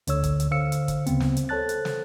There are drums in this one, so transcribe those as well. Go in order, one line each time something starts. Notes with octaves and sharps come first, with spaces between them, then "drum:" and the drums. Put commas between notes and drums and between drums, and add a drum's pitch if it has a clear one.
D2 D3 C#5 E6, drum: hi-hat
drum: kick, hi-hat
drum: hi-hat
D3 C5 F5 E6 C#7
drum: hi-hat
drum: kick, hi-hat
D2 C#3 G3 B3 C4, drum: hi-hat
drum: snare
drum: hi-hat
A4 C5 C#5 A5 F#6 A6
drum: hi-hat
drum: snare